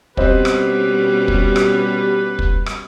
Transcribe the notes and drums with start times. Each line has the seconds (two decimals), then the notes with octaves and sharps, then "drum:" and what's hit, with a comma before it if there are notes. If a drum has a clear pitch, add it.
0.17 B2 G3 C4 C#4 G4 B4 C5 D#5, drum: kick
0.45 drum: rim click
1.28 drum: kick
1.56 drum: rim click
2.39 drum: kick
2.66 drum: rim click